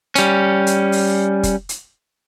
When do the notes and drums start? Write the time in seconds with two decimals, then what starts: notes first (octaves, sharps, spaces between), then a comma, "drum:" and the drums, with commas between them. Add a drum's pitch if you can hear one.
0.15 G3 C#4, drum: hi-hat
0.67 drum: hi-hat
0.92 drum: open hi-hat
1.43 drum: kick F1, hi-hat
1.69 drum: hi-hat